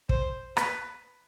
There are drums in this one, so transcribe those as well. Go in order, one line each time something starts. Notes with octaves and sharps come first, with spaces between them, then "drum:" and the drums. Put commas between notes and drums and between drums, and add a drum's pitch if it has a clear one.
C5, drum: kick
B4, drum: rim click